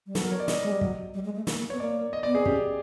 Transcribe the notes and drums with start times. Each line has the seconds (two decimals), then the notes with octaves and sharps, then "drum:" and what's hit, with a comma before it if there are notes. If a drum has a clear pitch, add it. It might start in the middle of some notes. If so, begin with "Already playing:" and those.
0.06 G3
0.15 F#3 A4, drum: snare
0.23 A#4
0.32 C#5
0.40 D5
0.48 D#5, drum: snare
0.63 G#3
0.72 G3
0.81 F#3, drum: kick
1.14 G3
1.25 G#3
1.36 A3
1.47 A#3, drum: snare
1.70 B3 C#5
1.80 A#3 D5
2.13 D#5
2.23 D5
2.26 B3
2.35 C4 G#4
2.45 C#4 G4, drum: kick